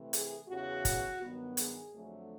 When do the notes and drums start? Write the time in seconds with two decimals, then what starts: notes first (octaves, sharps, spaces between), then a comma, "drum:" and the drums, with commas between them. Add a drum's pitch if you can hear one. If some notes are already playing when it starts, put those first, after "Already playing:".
Already playing: C3 E3 A3 C4
0.13 G#4, drum: hi-hat
0.48 E2 C#3 E3 F#4
0.85 drum: kick, hi-hat
1.21 G2 D#3 F#3 B3
1.57 G#4, drum: hi-hat
1.93 F2 D3 F#3 A3